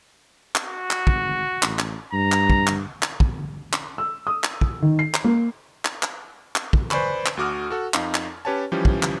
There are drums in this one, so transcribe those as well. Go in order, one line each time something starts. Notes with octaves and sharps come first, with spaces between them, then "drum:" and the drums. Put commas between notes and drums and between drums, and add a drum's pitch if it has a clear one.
drum: clap
F#4
drum: clap
G#1, drum: kick
A1, drum: clap
drum: clap
G2 A#5
drum: clap
drum: kick
drum: clap
drum: clap
drum: kick
drum: clap
E6
D#6
drum: clap
drum: kick
D#3
C7
drum: clap
A#3
drum: clap
drum: clap
drum: clap
drum: kick
B4 C5 D5 G#5 B5 C#6, drum: clap
drum: clap
D2 D3 F#4 D6 D#6 F6
F#4 A4 F#5
F2 D#4 F5, drum: clap
drum: clap
C#4 G4 B4 C#5 G#5 A5
E3 F3 G3 C#4 G4
drum: kick
drum: clap